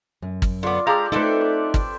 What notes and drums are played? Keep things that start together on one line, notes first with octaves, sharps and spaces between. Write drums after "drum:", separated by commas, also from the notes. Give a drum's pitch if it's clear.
F#2
drum: kick G#1
D3 B3 F4 D6
G#3 G4 A4 D5 F5 A#5
A3 C4 D4 D#4 A4 B4 C5
D6
drum: kick G#1